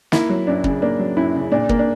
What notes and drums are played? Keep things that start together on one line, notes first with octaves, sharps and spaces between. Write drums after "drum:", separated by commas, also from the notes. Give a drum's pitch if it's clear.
A#3 E4, drum: snare
F#3
F#2 D4
C#3, drum: kick
A#3 D4
F#3
F#2 E4
C#3
A#2 D4
A#3, drum: kick
D4